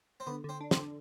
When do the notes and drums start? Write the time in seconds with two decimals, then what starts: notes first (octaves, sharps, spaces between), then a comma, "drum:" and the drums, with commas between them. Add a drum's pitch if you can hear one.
0.20 C4
0.27 D3 B3
0.44 D3 C4
0.61 D4
0.71 C4, drum: snare
0.77 D3